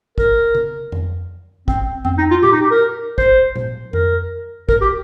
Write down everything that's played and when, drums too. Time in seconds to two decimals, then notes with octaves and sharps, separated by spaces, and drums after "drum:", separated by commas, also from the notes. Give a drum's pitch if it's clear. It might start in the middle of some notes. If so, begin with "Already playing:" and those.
0.18 A#4, drum: kick
0.55 drum: tom C#3
0.92 drum: tom F2
1.68 C4, drum: kick
2.05 C4, drum: tom F2
2.18 D#4
2.31 F4
2.43 G4, drum: tom A#2
2.52 D#4
2.61 G4
2.71 A#4
3.18 C5, drum: kick
3.56 drum: tom A#2
3.93 A#4, drum: tom F2
4.69 A#4, drum: kick
4.81 G4